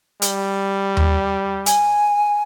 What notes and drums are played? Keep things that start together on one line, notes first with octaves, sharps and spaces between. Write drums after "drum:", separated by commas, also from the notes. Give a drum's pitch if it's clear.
G3, drum: hi-hat
drum: tom D#2
G#5, drum: hi-hat